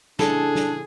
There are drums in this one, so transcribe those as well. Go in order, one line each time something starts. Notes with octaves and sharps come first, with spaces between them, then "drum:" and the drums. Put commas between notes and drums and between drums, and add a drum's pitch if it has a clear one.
C#3 A3 D4 E4 G#4 A4, drum: snare
drum: snare